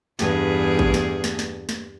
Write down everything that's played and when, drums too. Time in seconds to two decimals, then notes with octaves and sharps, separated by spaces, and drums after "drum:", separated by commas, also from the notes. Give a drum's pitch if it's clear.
0.19 E2 G2 G#4, drum: snare
0.79 drum: kick A1
0.94 drum: snare
1.24 drum: snare
1.39 drum: snare
1.69 drum: snare